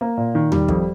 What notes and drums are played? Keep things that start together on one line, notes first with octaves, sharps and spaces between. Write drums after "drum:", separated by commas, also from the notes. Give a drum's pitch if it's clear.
A#3
A#2
D#3
G3, drum: tom D#2
F2, drum: kick